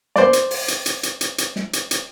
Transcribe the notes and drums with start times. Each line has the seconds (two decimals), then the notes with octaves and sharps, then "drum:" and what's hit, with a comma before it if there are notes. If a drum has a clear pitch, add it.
0.16 C5 D5, drum: snare
0.33 drum: hi-hat
0.51 drum: open hi-hat
0.68 drum: hi-hat
0.86 drum: hi-hat
1.03 drum: hi-hat
1.21 drum: hi-hat
1.38 drum: hi-hat
1.56 drum: snare
1.73 drum: hi-hat
1.91 drum: hi-hat